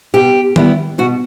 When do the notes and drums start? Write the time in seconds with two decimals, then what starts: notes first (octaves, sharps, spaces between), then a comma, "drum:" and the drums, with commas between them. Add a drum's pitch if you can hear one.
0.14 B2 G4
0.56 G3 B3 E4, drum: tom D#3
0.98 B2 F#4